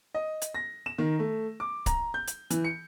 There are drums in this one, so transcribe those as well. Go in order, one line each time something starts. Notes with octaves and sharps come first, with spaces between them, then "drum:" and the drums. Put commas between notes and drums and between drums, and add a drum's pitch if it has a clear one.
D#5
drum: hi-hat
A#6
E7
D#3
A3
D6
A#5, drum: kick C#1, hi-hat
G6
drum: hi-hat
E3, drum: hi-hat
C#7